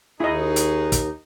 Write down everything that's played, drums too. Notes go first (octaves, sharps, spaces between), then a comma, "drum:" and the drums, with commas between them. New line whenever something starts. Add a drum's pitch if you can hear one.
D#2 D#4 E4 F#4 G#4 D#5
drum: hi-hat
drum: kick, hi-hat